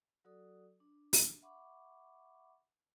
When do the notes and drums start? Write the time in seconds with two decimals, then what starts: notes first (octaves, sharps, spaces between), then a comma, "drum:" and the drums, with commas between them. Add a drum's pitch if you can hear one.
0.25 F#3 F#4 A4 D5 D#6
0.80 D4
1.13 drum: open hi-hat
1.42 E5 F#5 B5 C#6 D6